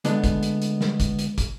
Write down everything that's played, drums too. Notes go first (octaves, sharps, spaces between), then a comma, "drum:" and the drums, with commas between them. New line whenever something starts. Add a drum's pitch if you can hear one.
D3 G#3 A3 B3 D4, drum: hi-hat
drum: kick, hi-hat
drum: hi-hat
drum: hi-hat
drum: snare
drum: kick, hi-hat
drum: hi-hat
drum: kick, hi-hat